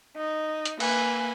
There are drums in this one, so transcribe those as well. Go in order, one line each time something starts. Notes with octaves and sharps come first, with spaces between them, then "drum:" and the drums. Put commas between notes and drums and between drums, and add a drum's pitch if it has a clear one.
D#4
drum: hi-hat
A#3 B4 G#5, drum: cymbal